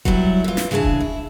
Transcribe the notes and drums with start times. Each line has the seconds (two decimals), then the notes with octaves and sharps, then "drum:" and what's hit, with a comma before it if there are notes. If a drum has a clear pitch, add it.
0.05 F#3 G3 C#4 E4, drum: kick D#1
0.44 E3 F4
0.57 drum: snare
0.71 C#3 E3 D4 G#4 A5
0.83 drum: kick D#1
1.00 E4